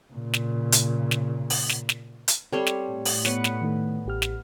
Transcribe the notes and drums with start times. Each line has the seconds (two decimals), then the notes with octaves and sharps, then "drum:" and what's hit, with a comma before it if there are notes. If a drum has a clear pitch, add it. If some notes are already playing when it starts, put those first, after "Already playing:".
0.13 A#2 C#3
0.33 drum: snare
0.72 drum: hi-hat
1.11 drum: snare
1.50 drum: open hi-hat
1.69 drum: snare
1.89 drum: snare
2.28 drum: hi-hat
2.53 G3 C4 A4 C#5 C6
2.66 drum: snare
2.83 A2
3.05 drum: open hi-hat
3.25 B3 B4 C#5 C#7, drum: snare
3.44 drum: snare
3.62 D#3 A3
4.06 A1 G4 F6
4.22 drum: snare